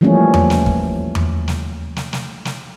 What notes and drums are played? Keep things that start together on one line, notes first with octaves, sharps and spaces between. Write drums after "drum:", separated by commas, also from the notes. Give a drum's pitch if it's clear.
E3 F3 G3 A3 A#3 C#4
drum: tom E2
drum: snare
drum: kick
drum: tom E2
drum: snare
drum: snare
drum: snare
drum: snare